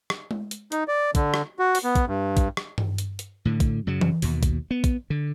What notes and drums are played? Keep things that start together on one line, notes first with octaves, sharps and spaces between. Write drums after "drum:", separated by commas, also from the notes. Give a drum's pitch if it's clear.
drum: rim click
drum: tom G#3
drum: hi-hat
D#4, drum: hi-hat
D5
D3, drum: kick, hi-hat
drum: rim click
F#4
drum: open hi-hat
B3
drum: kick, hi-hat
G2
drum: kick, hi-hat
drum: rim click
drum: tom G2
drum: hi-hat
drum: hi-hat
A2 D3
drum: kick, hi-hat
F#2 C#3 F#3
drum: tom E3
D#2 B2, drum: open hi-hat
drum: kick, hi-hat
B3
drum: kick, hi-hat
D3